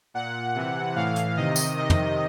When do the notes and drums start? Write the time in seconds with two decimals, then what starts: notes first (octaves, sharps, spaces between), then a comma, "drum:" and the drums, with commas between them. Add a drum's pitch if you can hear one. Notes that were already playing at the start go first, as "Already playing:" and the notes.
0.14 A#2 F#5
0.55 C3 E3
0.96 A2 E3 F5
1.16 drum: hi-hat
1.36 C3 D#3 D#5
1.56 drum: tambourine
1.77 C3 D#3 D#5
1.90 drum: tom